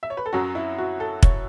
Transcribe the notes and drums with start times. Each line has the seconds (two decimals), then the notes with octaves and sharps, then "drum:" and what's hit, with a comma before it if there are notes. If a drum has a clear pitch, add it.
0.03 E5
0.10 C#5
0.17 B4
0.26 A4
0.33 F#2 F#3 C#4 F#4
0.55 E4
0.78 F#4
1.00 A4
1.23 C#5, drum: kick